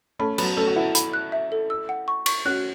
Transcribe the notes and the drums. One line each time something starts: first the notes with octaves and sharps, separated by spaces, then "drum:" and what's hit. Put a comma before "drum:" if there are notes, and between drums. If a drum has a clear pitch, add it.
A3 C#4 B5
F#3 B3 B5, drum: cymbal
A3 C#4 A4
F#4
B3 E4 F#5
B5, drum: hi-hat
F#6
E5
A4
E6
F#5
C#6
C#6, drum: cymbal
C#4 F#4 F#6